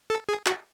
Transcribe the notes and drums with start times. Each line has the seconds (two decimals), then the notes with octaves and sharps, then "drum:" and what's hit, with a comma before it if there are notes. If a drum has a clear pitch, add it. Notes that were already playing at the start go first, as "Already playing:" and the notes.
0.10 A4
0.29 G#4
0.46 F#4, drum: clap